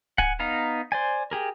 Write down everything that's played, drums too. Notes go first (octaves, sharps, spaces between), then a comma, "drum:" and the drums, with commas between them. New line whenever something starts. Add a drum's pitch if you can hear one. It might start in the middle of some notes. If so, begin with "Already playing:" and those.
F#5 G#5, drum: kick
B3 D#4 F5 A#5
C5 D5 G#5
G4 G#4 A#4